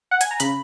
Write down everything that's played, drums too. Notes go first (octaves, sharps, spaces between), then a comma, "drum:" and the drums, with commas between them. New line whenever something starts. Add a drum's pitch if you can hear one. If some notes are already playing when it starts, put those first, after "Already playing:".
F#5
G#5, drum: hi-hat
A#5
C#3 B5, drum: hi-hat